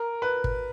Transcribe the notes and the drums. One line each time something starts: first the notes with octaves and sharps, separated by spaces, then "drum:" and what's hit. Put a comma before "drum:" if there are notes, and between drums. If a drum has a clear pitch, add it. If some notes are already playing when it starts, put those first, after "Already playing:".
Already playing: A#4
B4
drum: kick